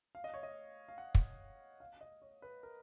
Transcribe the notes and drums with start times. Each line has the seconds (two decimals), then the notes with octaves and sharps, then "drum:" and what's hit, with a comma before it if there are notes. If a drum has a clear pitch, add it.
0.15 F5
0.24 D#5
0.34 C#5
0.43 D#5
0.89 F5
0.98 F#5
1.15 drum: kick
1.80 F5
2.01 D#5
2.22 C#5
2.42 B4
2.63 A#4